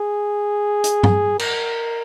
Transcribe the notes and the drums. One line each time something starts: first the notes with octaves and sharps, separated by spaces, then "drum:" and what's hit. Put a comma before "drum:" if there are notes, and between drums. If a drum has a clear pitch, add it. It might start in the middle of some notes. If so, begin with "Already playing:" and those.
Already playing: G#4
drum: hi-hat
drum: tom G2
A#4, drum: cymbal